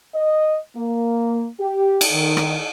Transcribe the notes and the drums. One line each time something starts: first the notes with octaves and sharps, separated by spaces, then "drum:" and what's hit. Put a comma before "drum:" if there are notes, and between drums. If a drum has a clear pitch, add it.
D#5
A#3
G4
drum: cymbal
D#3
drum: rim click